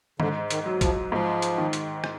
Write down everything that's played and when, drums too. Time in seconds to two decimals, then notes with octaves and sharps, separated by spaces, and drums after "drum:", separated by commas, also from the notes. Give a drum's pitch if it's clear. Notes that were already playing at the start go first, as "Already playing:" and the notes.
0.20 G#2 D3, drum: tom D#3
0.50 D#3, drum: hi-hat
0.66 F#3
0.81 F3, drum: kick A#1, hi-hat
1.12 G#2 F3
1.42 drum: hi-hat
1.58 D#3
1.73 drum: hi-hat
2.04 drum: rim click